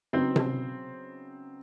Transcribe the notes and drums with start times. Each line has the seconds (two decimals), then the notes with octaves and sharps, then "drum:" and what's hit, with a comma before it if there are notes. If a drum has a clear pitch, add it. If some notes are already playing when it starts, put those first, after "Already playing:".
0.13 C#3 F#3 B3 C4 D#4 C5
0.36 drum: tom C3